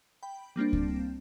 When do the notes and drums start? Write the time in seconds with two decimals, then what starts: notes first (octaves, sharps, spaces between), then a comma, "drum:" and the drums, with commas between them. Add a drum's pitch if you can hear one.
0.23 G5 B5
0.56 G3 A#3 C4 D4
0.73 drum: kick C#2